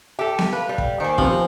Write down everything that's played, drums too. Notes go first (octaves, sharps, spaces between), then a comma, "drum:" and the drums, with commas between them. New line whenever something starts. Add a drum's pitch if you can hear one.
G4 A4 E5
drum: snare B3
B4 F5
G3
drum: kick
D#3 A#3 C5 G#5
C3 F3 B3, drum: kick